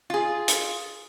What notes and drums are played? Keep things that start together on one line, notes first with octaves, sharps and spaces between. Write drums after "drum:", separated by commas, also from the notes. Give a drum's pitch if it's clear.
F4 G#4
drum: hi-hat